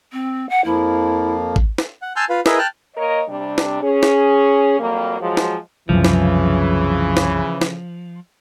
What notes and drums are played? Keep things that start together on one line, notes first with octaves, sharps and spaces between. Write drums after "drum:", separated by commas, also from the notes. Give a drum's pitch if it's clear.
C4
F#5
F2 F3 A#3 E4
drum: kick G#1
drum: snare
F#5
G#5 A5 C6 E6 F6 G6
F4 B4 F5
E4 G#4 A#4 B4 D#5 E5, drum: snare
G5 A5 F6 F#6
A#3 A#4 C#5 D#5
C3 G3 D4
drum: snare
C#4 G#4
drum: snare
F2 F#3 G3 A#3
F3 F#3 G#3
drum: snare
C2 F#2 C#3 E3 F3
drum: snare
drum: snare
drum: snare